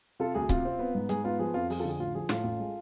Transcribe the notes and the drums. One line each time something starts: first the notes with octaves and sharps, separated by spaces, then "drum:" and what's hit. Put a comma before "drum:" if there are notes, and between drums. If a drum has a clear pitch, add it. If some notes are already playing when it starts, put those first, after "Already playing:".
C3 F4 A4
D2 G#4
C3 F4, drum: kick C#1, hi-hat
C4
B3
G#2
G#2 G#4, drum: hi-hat
B3 F4
F3 G#4
F2 F4
F3 G#4, drum: open hi-hat
F4 A4
D3 G#4
A1 F4
F3 G#4
A2 F4 A4, drum: snare
A1
G#3